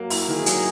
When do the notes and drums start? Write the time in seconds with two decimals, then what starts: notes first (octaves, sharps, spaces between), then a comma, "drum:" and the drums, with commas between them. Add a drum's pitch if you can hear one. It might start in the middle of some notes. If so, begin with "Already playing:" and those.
Already playing: F#3 A#3
0.10 E4, drum: open hi-hat
0.28 D#3 G#4
0.46 F#3, drum: hi-hat